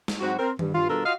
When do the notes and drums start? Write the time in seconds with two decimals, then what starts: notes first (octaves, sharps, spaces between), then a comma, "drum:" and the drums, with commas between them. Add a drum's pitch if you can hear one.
0.08 drum: snare
0.20 G#2 F#3 C4 F#4
0.38 C4 A#4
0.59 G2, drum: tom D#3
0.73 G2 F4
0.89 B2 G3 D4 F4 A4 A#4
1.04 F4 F#4 D#5 F5